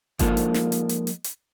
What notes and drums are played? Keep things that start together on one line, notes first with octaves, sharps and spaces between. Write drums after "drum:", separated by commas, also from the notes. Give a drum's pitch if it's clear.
F3 G#3 A#3 D#4 F4 A4, drum: kick G1, hi-hat
drum: hi-hat
drum: snare
drum: hi-hat
drum: hi-hat
drum: hi-hat
drum: hi-hat